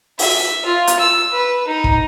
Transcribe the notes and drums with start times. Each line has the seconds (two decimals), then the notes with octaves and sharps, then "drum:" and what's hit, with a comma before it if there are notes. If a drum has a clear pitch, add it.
0.19 E5, drum: open hi-hat
0.66 F4
0.87 drum: hi-hat
0.99 E6
1.33 B4
1.68 D#4
1.84 drum: kick